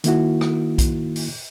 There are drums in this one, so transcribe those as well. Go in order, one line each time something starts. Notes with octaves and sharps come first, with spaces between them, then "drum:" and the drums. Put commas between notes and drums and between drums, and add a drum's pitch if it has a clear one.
D#3 A#3 E4 F#4, drum: hi-hat
drum: rim click
drum: kick, hi-hat
drum: open hi-hat